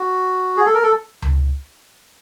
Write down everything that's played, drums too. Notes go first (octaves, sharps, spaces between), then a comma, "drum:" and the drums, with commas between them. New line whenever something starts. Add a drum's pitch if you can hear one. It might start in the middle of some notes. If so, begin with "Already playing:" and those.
Already playing: F#4
G#4
A4
A#4
A4
drum: tom C#2